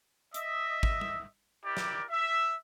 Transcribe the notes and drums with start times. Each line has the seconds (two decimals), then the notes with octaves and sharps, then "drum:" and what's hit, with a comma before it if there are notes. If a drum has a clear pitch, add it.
0.34 D#5 E5, drum: hi-hat
0.83 drum: kick G#1
1.01 drum: tom
1.65 E4 G4 A#4 D5
1.77 drum: snare
2.10 E5